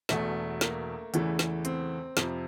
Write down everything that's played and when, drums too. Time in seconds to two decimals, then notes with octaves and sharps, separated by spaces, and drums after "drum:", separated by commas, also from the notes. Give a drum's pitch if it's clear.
0.09 E1 E2 B2 A3, drum: snare
0.61 A#3, drum: snare
1.14 E2 C#3 E3 A3, drum: hi-hat
1.39 drum: snare
1.65 C4, drum: hi-hat
2.17 F2 C3 F3, drum: snare